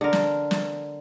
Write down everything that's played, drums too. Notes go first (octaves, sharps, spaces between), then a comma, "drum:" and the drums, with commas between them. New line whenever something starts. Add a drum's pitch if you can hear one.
D3 A#4
drum: snare
drum: snare